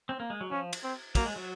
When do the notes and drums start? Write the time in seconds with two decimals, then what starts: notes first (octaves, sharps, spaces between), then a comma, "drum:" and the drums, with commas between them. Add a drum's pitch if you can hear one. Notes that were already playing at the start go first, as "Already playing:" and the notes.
0.09 C4
0.20 A#3
0.30 G#3
0.41 F#3
0.51 F3 C#4
0.73 drum: cymbal
0.83 C4
1.15 F#3 A#3, drum: kick, cymbal
1.25 G#3
1.36 F#3